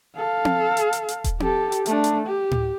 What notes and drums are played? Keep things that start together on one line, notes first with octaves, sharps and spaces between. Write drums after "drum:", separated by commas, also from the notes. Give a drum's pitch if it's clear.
A4 F5
drum: tom C4
drum: hi-hat
drum: hi-hat
drum: hi-hat
drum: kick D#1, hi-hat
G4 A4, drum: tom C4
drum: hi-hat
A3 D4, drum: hi-hat
drum: hi-hat
G4
drum: tom A2